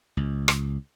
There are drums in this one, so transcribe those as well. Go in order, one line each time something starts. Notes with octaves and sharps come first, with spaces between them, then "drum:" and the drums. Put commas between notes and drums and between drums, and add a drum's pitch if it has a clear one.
C#2
drum: rim click